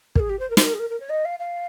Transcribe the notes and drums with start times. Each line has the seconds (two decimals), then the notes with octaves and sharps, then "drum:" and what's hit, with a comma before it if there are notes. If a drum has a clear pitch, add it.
0.15 A#4, drum: kick
0.20 G#4
0.29 G4
0.39 C5
0.50 A#4
0.57 C5, drum: snare
0.65 A#4
0.74 G#4
0.79 A#4
0.90 A#4
1.00 C#5
1.10 D#5
1.25 F5
1.39 F5